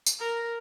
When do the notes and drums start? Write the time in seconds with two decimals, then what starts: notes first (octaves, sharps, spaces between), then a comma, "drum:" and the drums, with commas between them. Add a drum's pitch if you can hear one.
0.06 drum: tambourine
0.19 A#4